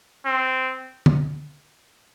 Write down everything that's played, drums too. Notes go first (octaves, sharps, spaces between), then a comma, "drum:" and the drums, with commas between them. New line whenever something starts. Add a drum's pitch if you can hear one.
C4
drum: tom D3